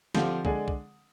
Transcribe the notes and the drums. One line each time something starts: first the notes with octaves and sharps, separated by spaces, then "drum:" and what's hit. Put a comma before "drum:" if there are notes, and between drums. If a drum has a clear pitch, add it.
D3 F3 C4 G4, drum: snare
D3 G#3 D4 G#4, drum: kick
drum: kick